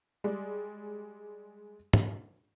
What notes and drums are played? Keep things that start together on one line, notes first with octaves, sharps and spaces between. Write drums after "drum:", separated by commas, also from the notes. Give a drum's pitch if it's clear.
G3 G#3 D5
drum: tom